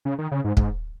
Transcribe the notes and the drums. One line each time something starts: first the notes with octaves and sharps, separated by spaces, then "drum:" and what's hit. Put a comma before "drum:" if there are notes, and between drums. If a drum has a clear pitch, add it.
C#3
D#3
C#3
G#2
G#2, drum: kick